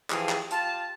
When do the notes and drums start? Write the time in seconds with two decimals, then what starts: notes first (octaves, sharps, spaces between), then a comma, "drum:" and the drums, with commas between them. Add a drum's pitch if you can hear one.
0.10 E3 F3 G4 G#4, drum: clap
0.29 drum: clap
0.51 F4 G4 A5, drum: hi-hat